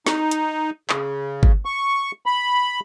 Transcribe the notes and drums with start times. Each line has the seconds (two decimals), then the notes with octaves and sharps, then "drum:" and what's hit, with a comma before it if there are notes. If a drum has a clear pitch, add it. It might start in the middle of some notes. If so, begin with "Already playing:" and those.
0.06 D#4, drum: snare
0.31 drum: hi-hat
0.90 C#3, drum: clap
1.43 drum: kick G1
1.65 C#6
2.26 B5